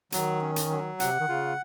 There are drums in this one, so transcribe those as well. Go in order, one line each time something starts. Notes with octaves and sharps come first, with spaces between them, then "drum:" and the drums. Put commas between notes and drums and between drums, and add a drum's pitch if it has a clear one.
D#3 F#3, drum: hi-hat
C#4
drum: hi-hat
F#3
C3 F#5, drum: hi-hat
D#3
C#3 F4